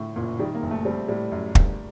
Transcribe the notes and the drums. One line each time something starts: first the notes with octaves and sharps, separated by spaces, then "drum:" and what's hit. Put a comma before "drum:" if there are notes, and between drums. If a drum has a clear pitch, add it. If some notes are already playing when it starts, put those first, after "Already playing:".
Already playing: A2 D3
F#1 A#2
D#3 G3
A#3
F#1
A3
G3 C4
A2 G3
F#2
G1, drum: kick